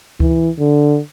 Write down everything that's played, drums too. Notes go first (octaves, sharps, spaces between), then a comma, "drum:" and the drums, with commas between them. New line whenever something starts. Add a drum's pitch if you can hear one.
E3, drum: kick D2
D3